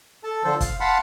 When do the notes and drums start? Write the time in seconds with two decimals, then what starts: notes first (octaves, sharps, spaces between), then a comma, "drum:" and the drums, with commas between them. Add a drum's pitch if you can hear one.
0.24 A4 A5
0.44 D3 F3 A4 C5
0.61 F5, drum: kick, hi-hat
0.80 F5 F#5 A5 B5 C6